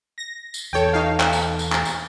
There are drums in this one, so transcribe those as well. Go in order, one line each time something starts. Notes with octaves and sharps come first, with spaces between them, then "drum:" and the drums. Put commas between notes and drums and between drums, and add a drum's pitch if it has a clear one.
A#6
drum: tambourine
E2 B2 A4 C#5 G5
D#4 F5
drum: clap
drum: tambourine
drum: tambourine
drum: clap
drum: tambourine